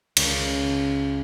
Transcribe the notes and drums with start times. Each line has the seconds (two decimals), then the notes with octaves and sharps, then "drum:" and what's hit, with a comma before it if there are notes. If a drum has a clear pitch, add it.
0.17 C#2, drum: cymbal